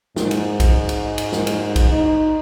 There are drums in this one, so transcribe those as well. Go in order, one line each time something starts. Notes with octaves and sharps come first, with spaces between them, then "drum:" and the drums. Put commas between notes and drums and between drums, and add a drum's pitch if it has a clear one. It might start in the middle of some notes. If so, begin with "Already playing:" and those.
G#2, drum: snare
drum: cymbal
drum: kick A#1, cymbal
drum: cymbal
drum: cymbal
drum: snare
drum: cymbal
drum: kick A#1, cymbal
D#4